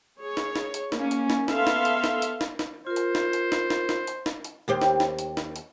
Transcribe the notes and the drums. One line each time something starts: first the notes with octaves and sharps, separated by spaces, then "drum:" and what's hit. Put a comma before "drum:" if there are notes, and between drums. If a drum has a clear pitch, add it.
G#4 C#5
drum: snare
drum: snare
drum: hi-hat
A#3 C#4, drum: snare
drum: hi-hat
drum: snare
B3 A4 E5 F5 C6, drum: snare
drum: snare
drum: hi-hat
drum: snare
drum: hi-hat
drum: snare
drum: snare
F4 A#4 C5
drum: hi-hat
drum: snare
drum: hi-hat
drum: snare
drum: snare
drum: snare
drum: hi-hat
drum: snare
drum: hi-hat
D#2 G4 C5
drum: snare
drum: snare
drum: hi-hat
drum: snare
drum: hi-hat